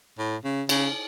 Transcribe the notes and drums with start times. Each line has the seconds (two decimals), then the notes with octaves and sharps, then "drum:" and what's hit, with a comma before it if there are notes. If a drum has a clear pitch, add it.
0.18 A2
0.44 C#3
0.69 C#3, drum: cymbal